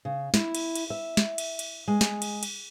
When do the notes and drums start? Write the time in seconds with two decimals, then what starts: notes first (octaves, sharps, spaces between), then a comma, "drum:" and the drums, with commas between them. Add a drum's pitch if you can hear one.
0.05 C#3
0.34 E4, drum: snare
0.55 drum: cymbal
0.75 drum: cymbal
0.90 E5
1.17 drum: snare
1.38 drum: cymbal
1.59 drum: cymbal
1.88 G#3
2.01 drum: snare
2.22 drum: cymbal
2.43 drum: cymbal